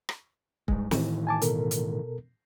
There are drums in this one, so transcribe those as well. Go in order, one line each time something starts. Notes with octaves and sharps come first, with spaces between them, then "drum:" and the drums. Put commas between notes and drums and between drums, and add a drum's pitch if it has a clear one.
drum: rim click
G2 G#3, drum: kick C#1
A2 D#3 E3, drum: snare
G#5 A5 D6
B2 A4 A#4, drum: hi-hat
drum: hi-hat